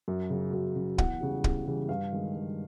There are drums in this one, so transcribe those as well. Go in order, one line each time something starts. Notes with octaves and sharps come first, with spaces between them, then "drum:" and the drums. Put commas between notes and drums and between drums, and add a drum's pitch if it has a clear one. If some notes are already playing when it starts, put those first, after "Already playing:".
F#2
C#3 F#3
F#2
C#3 F#3
E2 F#5, drum: kick
C#3 E3 G3
E2, drum: kick
C#3 E3 G3
G2 F5
D#3 G#3
G2